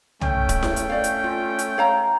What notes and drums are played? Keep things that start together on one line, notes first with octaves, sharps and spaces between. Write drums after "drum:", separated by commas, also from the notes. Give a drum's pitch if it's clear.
A3 C#4 G5, drum: tom
drum: kick D1, hi-hat
drum: snare E4
drum: hi-hat
D5 F5
drum: hi-hat
F4
drum: hi-hat
C#5 F5 A#5